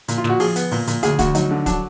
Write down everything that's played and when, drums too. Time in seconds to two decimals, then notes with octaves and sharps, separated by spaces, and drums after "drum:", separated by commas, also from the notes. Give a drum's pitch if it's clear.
0.08 A#2, drum: hi-hat
0.18 F4
0.24 A#2, drum: snare
0.29 F#4
0.40 F3 G#4, drum: open hi-hat
0.56 B3, drum: hi-hat
0.72 A#2, drum: open hi-hat
0.87 A#2, drum: hi-hat
1.03 D2 G#4, drum: hi-hat
1.19 D2 F#4, drum: kick, hi-hat
1.35 F#3 D#4, drum: hi-hat
1.51 D3
1.66 F#3 D4, drum: kick, hi-hat